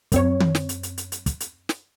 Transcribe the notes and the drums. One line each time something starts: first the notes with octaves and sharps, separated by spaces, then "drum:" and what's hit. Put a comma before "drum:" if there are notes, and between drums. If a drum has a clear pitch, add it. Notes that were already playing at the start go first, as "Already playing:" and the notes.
F#2 C4 C#5, drum: kick, hi-hat
drum: tom
drum: snare
drum: hi-hat
drum: hi-hat
drum: hi-hat
drum: hi-hat
drum: kick, hi-hat
drum: hi-hat
drum: snare